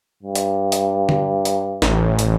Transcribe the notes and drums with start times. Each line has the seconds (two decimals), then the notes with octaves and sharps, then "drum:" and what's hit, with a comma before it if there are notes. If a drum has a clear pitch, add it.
0.23 G2
0.35 drum: hi-hat
0.72 drum: hi-hat
1.09 drum: tom D3
1.45 drum: hi-hat
1.82 A1, drum: snare
2.19 drum: hi-hat